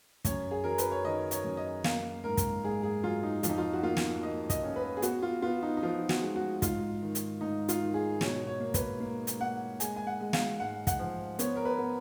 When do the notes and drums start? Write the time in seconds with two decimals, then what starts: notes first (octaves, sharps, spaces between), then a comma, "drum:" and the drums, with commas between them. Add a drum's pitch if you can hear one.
0.25 F#2 C#5, drum: kick, hi-hat
0.51 G#4
0.64 F#3 A#4
0.78 B4, drum: hi-hat
0.91 C#5
1.05 D#3 D#5
1.31 C#5, drum: hi-hat
1.44 F#2
1.57 D#5
1.84 A#3 F5, drum: snare
2.24 G#2 A#4
2.37 drum: kick, hi-hat
2.63 G#2 G#4
2.83 G#4
3.03 F#3 F4
3.23 D#4
3.43 F2 F4, drum: hi-hat
3.50 D#4
3.58 F4
3.73 F#4
3.83 A#3 F4
3.97 drum: snare
4.23 A#3 D#5
4.50 D#5, drum: kick, hi-hat
4.63 C#4
4.76 B4
4.97 G#4
5.02 B3 F#4, drum: hi-hat
5.23 F4
5.42 B3 F4
5.63 D#4
5.77 D#4
5.82 F3 F4
6.09 F#4, drum: snare
6.22 G#3
6.36 F#4
6.62 G#2 F4, drum: kick, hi-hat
7.02 D#3
7.15 drum: hi-hat
7.41 G#2 D#4
7.69 F4, drum: hi-hat
7.81 D#3
7.94 G#4
8.21 B2 C#5, drum: snare
8.47 C#5
8.60 A#3
8.74 B4, drum: kick, hi-hat
9.00 A#3
9.27 drum: hi-hat
9.40 A#3 F#5
9.80 G#3 G#5, drum: hi-hat
9.96 G#5
10.07 F#5
10.20 G#3
10.33 F5, drum: snare
10.60 G#2 F#5
10.87 F#5, drum: kick, hi-hat
10.99 F3
11.39 B3 C#5, drum: hi-hat
11.56 A#4
11.65 B4
11.79 B3